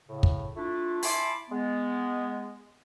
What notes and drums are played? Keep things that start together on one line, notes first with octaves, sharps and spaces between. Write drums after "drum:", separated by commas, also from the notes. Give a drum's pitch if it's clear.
A2 C#3
drum: kick
A3 D4 E4 F4
E4 G#5 A5 B5 C6 D6, drum: open hi-hat
G#3 B3